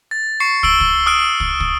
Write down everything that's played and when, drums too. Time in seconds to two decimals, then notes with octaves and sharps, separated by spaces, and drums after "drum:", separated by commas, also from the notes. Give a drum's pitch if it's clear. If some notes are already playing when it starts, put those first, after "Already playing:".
0.11 A6
0.40 C#6 C7 C#7
0.63 E6 D7 F#7 G7, drum: kick
0.80 drum: kick
1.06 D#6 F6 D7
1.40 drum: kick
1.60 drum: kick